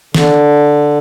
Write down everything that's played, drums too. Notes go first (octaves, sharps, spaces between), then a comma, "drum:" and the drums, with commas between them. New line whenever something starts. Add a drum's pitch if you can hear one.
D3, drum: snare